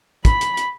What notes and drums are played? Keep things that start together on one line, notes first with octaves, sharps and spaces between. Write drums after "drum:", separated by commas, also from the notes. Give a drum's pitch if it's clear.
B5, drum: kick, hi-hat
drum: hi-hat
drum: hi-hat